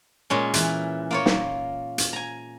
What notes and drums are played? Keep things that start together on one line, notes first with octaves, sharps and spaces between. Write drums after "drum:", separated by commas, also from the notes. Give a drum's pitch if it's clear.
A#2 G#3 C#4
A#2 E3, drum: hi-hat
A#3 F4 C#5
drum: snare
drum: hi-hat
G#5 A#5